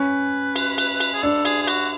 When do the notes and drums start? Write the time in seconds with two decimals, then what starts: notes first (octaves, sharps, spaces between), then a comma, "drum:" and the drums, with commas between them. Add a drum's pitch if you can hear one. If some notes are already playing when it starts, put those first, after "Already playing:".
Already playing: C#4 B4
0.56 drum: cymbal
0.78 drum: cymbal
1.00 drum: cymbal
1.14 G#4
1.23 D4 A4
1.45 G#4, drum: cymbal
1.63 G#4
1.67 F#4, drum: cymbal